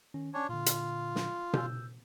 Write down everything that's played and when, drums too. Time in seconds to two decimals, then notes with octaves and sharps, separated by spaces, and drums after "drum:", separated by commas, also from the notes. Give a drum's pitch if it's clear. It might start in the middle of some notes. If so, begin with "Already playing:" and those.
0.14 D#3 C#4
0.34 C#4 D4 C#5 G#5 A5
0.49 A#2 D3 F4
0.66 drum: hi-hat
1.16 drum: snare
1.53 E6 G6, drum: tom B2